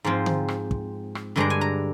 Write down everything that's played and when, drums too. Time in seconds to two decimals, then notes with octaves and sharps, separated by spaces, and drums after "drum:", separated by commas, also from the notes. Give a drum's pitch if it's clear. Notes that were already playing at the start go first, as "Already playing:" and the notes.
0.04 G#2 F3 C4
0.26 drum: tom D3
0.48 drum: rim click
0.71 drum: kick
1.15 drum: rim click
1.36 G2 D3 G#3 D4 A#5
1.50 G#5
1.61 A#5